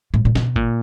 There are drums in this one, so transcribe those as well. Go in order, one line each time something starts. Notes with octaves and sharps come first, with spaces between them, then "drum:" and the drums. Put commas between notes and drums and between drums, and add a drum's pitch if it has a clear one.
A2
A#2
B2, drum: snare
A#2, drum: kick G1